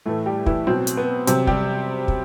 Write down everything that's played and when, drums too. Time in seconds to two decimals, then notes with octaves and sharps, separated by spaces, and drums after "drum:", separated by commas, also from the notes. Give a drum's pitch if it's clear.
0.06 A2 E3 A3 A4
0.26 G3 G4
0.46 E3 E4, drum: kick
0.67 B2 F#3 C4
0.87 drum: hi-hat
0.97 B3
1.27 C3 F#3 C4, drum: hi-hat
1.47 G3 G4, drum: kick
2.08 drum: kick